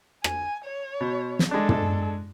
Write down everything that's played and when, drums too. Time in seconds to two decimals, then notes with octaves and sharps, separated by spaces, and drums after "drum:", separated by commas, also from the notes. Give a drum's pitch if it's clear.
0.24 G#5, drum: rim click
0.64 C#5
1.01 B2
1.39 drum: snare
1.51 G#3 D4 A4
1.69 drum: tom